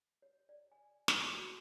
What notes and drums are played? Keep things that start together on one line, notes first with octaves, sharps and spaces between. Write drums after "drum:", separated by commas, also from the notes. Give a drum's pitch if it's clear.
C#5
D5
G#5
A4, drum: snare
F#4